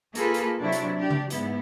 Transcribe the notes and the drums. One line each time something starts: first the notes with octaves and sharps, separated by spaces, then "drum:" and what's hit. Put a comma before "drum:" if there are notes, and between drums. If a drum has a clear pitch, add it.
A#3 F4 G#4 A4 B4, drum: hi-hat
drum: hi-hat
C3 F#3 D4 E4
drum: hi-hat
D4 G4 D5
drum: tom C#3
G#2 B3 E4, drum: hi-hat